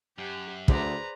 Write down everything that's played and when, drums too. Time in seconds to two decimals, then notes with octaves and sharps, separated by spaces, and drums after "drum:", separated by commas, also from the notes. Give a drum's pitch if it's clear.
0.18 F#2 G4 F#6
0.68 D2 G#4 B4 C5 D5 A#5, drum: kick